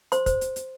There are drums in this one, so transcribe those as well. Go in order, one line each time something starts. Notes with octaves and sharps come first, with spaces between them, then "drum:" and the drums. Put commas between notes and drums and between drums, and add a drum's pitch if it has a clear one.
C5 C6, drum: hi-hat
C5, drum: kick, hi-hat
drum: hi-hat
drum: hi-hat